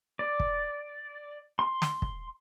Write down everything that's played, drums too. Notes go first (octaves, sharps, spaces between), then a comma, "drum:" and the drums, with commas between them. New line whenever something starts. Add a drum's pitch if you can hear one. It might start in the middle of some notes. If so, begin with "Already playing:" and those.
D5
drum: kick
C6
drum: snare
drum: kick